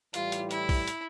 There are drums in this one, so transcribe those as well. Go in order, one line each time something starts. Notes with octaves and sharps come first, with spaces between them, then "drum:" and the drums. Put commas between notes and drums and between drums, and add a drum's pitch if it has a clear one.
A2 E3 G3 F4, drum: hi-hat
drum: hi-hat
E4, drum: hi-hat
drum: kick, open hi-hat
drum: hi-hat